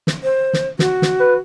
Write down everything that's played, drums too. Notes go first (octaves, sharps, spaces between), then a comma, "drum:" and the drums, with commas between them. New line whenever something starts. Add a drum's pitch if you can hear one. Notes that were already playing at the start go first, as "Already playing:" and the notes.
drum: snare
C5
drum: snare
F#4, drum: snare
drum: snare
B4